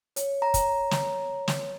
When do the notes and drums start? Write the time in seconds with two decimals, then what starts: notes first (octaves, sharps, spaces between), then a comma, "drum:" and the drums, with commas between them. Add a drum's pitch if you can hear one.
0.16 C#5, drum: hi-hat
0.42 A#5
0.54 drum: kick, hi-hat
0.91 drum: snare
1.48 drum: snare